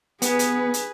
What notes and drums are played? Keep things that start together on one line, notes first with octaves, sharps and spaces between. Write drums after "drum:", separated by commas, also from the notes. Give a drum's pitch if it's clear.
B3 G#4 B4, drum: hi-hat
drum: hi-hat
drum: hi-hat